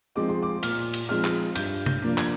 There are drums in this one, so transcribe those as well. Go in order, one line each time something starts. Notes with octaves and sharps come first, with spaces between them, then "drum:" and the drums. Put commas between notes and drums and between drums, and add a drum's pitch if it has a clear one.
F3 G#3 C4 D#4 D6
C6
D6
A#2 F6, drum: cymbal
drum: cymbal
F3 G#3 C4 D#4 F6
drum: clap
G2 G6, drum: cymbal
G6, drum: tom
F3 A#3 D4
G#6, drum: clap